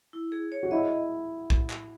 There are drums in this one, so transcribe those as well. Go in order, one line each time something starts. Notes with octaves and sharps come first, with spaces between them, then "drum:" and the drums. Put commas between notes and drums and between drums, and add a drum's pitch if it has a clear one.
E4
G#4
C#5
F#4
E4 G#4 D#5
drum: kick
drum: clap